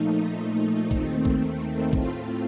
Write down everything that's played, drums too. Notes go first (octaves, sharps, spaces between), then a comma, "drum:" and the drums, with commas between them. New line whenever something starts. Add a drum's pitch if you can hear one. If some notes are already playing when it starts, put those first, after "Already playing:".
Already playing: A#2 F3 A3 D#4
D#2 D#3 A3 C4, drum: kick A#1
drum: kick A#1
A2 A3 C4 F4, drum: kick A#1